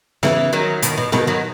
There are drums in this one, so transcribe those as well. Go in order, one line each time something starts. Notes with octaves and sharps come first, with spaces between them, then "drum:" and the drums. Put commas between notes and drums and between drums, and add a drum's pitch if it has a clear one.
C#3 E3, drum: snare B3
D#3 F#3
B2 D#3, drum: hi-hat
B2
B2 D#3, drum: snare B3
D#3 F#3